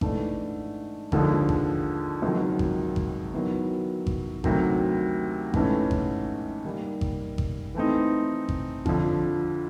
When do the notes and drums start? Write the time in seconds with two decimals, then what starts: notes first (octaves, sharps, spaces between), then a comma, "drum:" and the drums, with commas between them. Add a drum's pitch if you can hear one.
0.01 G#2 E3 A3 D4, drum: kick G#1
1.12 D#2 D3 F3 G#3, drum: kick G#1
1.49 drum: kick G#1
2.22 C#2 C3 D#3 F#3
2.59 drum: kick G#1
2.96 drum: kick G#1
3.33 D#3 F#3 B3 E4
4.07 drum: kick G#1
4.44 D2 C3 D#3 F#3, drum: kick G#1
5.54 G#2 E3 A3 C#4, drum: kick G#1
5.91 drum: kick G#1
6.65 D#3 G3 A#3
7.01 drum: kick G#1
7.38 drum: kick G#1
7.75 E3 A3 C4 D#4
8.49 drum: kick G#1
8.86 F2 D3 F3, drum: kick G#1